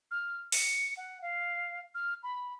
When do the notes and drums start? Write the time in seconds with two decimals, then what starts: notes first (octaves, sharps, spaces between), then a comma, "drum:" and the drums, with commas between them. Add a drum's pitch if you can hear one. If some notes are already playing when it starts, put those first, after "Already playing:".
0.11 F6
0.52 C#7, drum: open hi-hat
0.97 F#5
1.22 F5
1.95 F6
2.23 B5